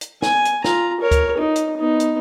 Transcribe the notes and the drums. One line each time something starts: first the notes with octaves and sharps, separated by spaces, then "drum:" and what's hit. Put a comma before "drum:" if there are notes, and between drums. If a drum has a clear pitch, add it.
drum: hi-hat
G#5, drum: snare
drum: hi-hat
F4 A#5, drum: snare
A#4 C#5
drum: kick D2, hi-hat
D#4
drum: hi-hat
B3 D#4
drum: hi-hat